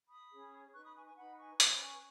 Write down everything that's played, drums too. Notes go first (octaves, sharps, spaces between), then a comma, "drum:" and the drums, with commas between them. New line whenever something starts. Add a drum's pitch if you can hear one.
B5 D#6
C#4 G#4 C#5
D#4 B4 C#6 F#6
B5 D#6
G#5 C#6
G#5 C#6
D#4 B4 F#5 B5
G#5 C#6
C#4 B4 B5 D#6, drum: hi-hat
G#5 C#6